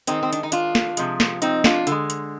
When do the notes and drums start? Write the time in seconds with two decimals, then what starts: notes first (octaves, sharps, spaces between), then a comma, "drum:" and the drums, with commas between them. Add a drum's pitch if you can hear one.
0.07 D#3 G#3 C4 D#4, drum: hi-hat
0.23 C4
0.33 D4, drum: hi-hat
0.43 D#4
0.52 D4 F4, drum: hi-hat
0.75 drum: snare
0.97 C3 F3 G#3, drum: hi-hat
1.20 drum: snare
1.42 C4 D#4, drum: hi-hat
1.64 D4 F4, drum: snare
1.87 D3 G#3, drum: hi-hat
2.10 drum: hi-hat